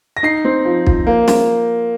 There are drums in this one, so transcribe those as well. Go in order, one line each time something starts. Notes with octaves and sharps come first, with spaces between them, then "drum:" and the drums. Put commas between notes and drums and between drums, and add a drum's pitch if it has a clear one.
A#6
D#4 C7
C4
F3
F3, drum: kick
A#3
drum: snare